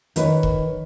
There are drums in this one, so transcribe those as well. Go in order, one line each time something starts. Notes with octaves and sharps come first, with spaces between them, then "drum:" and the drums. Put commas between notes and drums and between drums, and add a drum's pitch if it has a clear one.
D#3 B4 C#5, drum: hi-hat
drum: kick E1